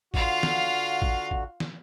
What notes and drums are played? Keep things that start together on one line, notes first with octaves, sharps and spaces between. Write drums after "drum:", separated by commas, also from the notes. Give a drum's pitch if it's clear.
D3 F4 F#4 F5, drum: kick A1
drum: snare
drum: kick A1
drum: kick A1
drum: snare